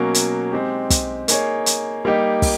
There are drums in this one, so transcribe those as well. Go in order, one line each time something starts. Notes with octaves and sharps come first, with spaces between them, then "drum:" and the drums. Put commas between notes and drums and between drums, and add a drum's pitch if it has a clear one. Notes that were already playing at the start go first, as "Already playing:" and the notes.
Already playing: B2 F#3 A#3 C#4
drum: hi-hat
G#3 C4 D#4 G4
drum: kick, hi-hat
A#3 D#4 G#4 C#5, drum: hi-hat
drum: hi-hat
G3 A#3 D#4 G4
drum: kick, open hi-hat